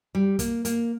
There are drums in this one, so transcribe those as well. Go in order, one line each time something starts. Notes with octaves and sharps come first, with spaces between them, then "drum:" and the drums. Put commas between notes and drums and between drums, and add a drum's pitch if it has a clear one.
G3
A#3, drum: kick, hi-hat
A#3, drum: hi-hat